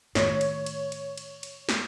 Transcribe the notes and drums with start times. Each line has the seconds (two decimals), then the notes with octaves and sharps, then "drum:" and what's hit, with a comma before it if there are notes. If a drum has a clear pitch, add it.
0.15 A2 D#3 C#5, drum: snare
0.41 drum: cymbal
0.66 drum: cymbal
0.92 drum: cymbal
1.18 drum: cymbal
1.43 drum: cymbal
1.69 drum: snare